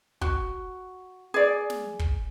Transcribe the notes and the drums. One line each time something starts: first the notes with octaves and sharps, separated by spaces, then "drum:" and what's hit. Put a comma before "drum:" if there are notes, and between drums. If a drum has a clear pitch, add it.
F#4, drum: kick
G#4 D5
drum: snare
drum: kick